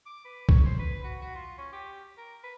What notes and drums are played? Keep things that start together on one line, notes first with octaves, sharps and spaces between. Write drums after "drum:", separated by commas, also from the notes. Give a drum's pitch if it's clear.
D6
B4
C#5, drum: kick C2
C5
B4
F#4
F#4
F4
C#4
G4
A#4
B4